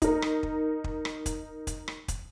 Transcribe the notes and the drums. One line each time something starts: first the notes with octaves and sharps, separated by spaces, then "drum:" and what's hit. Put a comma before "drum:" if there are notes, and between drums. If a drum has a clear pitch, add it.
D#4 A#4, drum: kick, hi-hat
drum: rim click
drum: kick
drum: kick
drum: rim click
drum: kick, hi-hat
drum: kick, hi-hat
drum: rim click
drum: kick, hi-hat